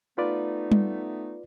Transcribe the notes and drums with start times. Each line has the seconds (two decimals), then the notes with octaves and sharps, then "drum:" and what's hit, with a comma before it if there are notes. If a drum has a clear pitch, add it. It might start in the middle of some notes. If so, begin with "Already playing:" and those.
0.18 A3 B3 D#4 F4 B4 D5
0.72 drum: tom G3